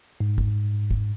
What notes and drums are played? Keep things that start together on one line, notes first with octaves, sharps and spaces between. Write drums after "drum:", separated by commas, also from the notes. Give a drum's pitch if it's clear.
G#2
drum: kick
drum: kick